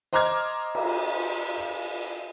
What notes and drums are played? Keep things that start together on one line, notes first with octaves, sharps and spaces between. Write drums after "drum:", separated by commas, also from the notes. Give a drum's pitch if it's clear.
C5 D#5 A#5 D6 F6 G#6
drum: cymbal